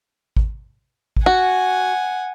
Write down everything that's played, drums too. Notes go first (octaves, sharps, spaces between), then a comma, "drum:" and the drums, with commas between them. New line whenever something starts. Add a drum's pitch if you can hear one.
drum: kick G#1
drum: kick G#1
F#4 F#5 G#5